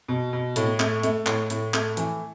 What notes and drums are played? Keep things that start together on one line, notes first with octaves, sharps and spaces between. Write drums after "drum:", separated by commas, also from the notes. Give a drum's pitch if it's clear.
B2
B2
A2, drum: hi-hat
A3, drum: clap
A3, drum: hi-hat
A2, drum: clap
A2, drum: hi-hat
A3, drum: clap
E3, drum: hi-hat